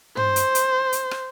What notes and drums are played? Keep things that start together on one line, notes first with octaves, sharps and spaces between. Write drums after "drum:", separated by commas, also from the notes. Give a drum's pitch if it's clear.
C5, drum: tom
drum: hi-hat
drum: hi-hat
drum: hi-hat
drum: rim click